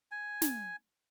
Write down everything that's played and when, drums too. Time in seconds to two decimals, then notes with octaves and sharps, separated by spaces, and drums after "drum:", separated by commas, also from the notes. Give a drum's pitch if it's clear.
0.11 G#5
0.42 drum: snare